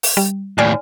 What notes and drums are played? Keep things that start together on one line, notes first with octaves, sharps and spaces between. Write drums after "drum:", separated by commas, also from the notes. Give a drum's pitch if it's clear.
drum: open hi-hat
G3
D#2 A2 D5 G#5 F6